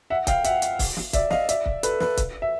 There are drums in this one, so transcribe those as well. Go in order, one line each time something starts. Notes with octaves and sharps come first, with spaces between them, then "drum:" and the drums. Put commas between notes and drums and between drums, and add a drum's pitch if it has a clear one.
E5 F#5
F5 G5, drum: kick C#1, hi-hat
E5 F#5, drum: hi-hat
drum: hi-hat
drum: kick C#1, open hi-hat
drum: snare
D5 E5, drum: kick C#1, hi-hat
D#5 F5, drum: snare
D5 E5, drum: hi-hat
drum: kick C#1
A4 B4, drum: hi-hat
A4 B4, drum: snare
drum: kick C#1, hi-hat
E5